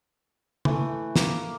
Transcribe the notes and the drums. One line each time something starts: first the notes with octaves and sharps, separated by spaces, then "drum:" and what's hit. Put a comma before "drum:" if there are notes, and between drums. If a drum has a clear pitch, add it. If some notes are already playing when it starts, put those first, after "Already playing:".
E3 A3, drum: tom
A#3, drum: snare